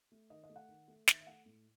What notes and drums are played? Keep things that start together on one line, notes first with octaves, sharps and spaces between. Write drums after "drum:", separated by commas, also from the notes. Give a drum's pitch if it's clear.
A3
D#3 D#5
D#5
A3
F#5
D#3
A3
D#3 E5, drum: snare
E5
A3 F#5
A2